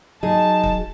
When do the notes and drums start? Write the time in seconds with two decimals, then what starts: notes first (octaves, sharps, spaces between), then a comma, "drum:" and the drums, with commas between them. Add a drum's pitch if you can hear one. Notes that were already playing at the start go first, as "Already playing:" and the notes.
0.23 F#3 D#4 G#4 A5
0.63 drum: kick